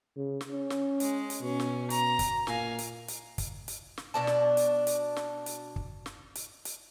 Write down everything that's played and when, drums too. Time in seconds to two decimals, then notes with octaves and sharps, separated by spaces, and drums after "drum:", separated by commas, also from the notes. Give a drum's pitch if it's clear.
0.16 C#3
0.41 drum: snare
0.51 C#4
0.70 drum: snare
1.00 G#3, drum: hi-hat
1.30 drum: hi-hat
1.42 B2 C#4
1.60 drum: snare
1.90 A#5, drum: hi-hat
2.19 drum: kick, hi-hat
2.47 A#2 F5 G#5, drum: snare
2.79 drum: hi-hat
3.08 drum: hi-hat
3.38 drum: kick, hi-hat
3.68 drum: hi-hat
3.97 drum: snare
4.14 B2 D4 A5
4.27 drum: snare
4.57 drum: hi-hat
4.87 drum: hi-hat
5.16 drum: snare
5.46 drum: hi-hat
5.76 drum: kick
6.06 drum: snare
6.35 drum: hi-hat
6.65 drum: hi-hat